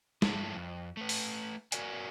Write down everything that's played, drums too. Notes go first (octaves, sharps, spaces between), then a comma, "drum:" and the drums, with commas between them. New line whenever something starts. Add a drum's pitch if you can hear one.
G2 F3 A3 E4 A5, drum: snare
F2
A3 B4
drum: open hi-hat
F#4 A#4 D5 G#5, drum: hi-hat